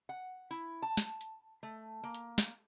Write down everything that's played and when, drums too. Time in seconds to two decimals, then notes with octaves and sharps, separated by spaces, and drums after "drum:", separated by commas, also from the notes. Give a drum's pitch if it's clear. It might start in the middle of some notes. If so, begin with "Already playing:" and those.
0.09 F#5
0.51 E4
0.82 A5
0.97 drum: snare
1.21 drum: hi-hat
1.63 A3
2.03 A#3
2.14 drum: hi-hat
2.38 drum: snare